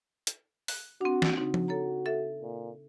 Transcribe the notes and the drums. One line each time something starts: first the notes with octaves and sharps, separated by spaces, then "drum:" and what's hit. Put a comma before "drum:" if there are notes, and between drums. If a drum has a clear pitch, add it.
drum: hi-hat
F#6, drum: open hi-hat
C4 D4 F#4
drum: snare
C#3 C4 D#4 F#4
drum: tom F3
A4 C#5 A#5
A4 E5
A#2